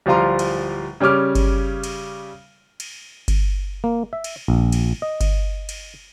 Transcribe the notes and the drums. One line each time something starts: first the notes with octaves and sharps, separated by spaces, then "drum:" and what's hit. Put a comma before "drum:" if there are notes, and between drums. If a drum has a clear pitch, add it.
D1 F3 G3 F4 A#5 C6
drum: cymbal
C#3 G3 C#4 D6 F6
drum: kick G1, cymbal
drum: cymbal
drum: cymbal
drum: kick G1, cymbal
A#3
E5
drum: cymbal
A#1
drum: cymbal
D#5
drum: kick G1, cymbal
drum: cymbal